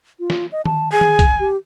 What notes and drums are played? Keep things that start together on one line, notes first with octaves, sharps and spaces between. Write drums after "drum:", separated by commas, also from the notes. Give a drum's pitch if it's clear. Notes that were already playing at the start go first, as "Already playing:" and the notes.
F4
drum: snare
D#5
A5, drum: tom D#3
G#4 G#5
drum: tom D#3
drum: kick, hi-hat
G4